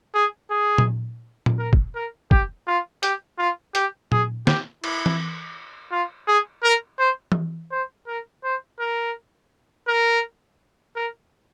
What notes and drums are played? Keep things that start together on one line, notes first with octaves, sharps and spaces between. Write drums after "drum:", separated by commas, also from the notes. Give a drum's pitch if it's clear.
G#4
G#4
drum: tom A#2
drum: tom A#2
A#4
drum: kick
A#4
G4, drum: kick
F4
G4, drum: hi-hat
F4
G4, drum: hi-hat
G#4, drum: tom A#2
G4, drum: snare
E4, drum: cymbal
drum: tom E3
F4
G#4
A#4
C5
drum: tom E3
C5
A#4
C5
A#4
A#4
A#4